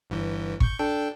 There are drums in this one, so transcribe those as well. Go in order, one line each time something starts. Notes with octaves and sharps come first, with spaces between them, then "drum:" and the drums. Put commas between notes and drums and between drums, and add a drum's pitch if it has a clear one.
G1 G2 E3
C#6 G6, drum: kick
D4 A4 G5